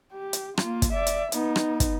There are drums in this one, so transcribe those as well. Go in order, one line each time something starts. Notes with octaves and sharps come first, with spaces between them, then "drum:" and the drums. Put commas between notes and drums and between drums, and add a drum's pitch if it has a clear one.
G4
drum: hi-hat
A#3 F4, drum: rim click
drum: kick, hi-hat
D5 E5
drum: hi-hat
B3 D#4, drum: hi-hat
drum: rim click
drum: kick, hi-hat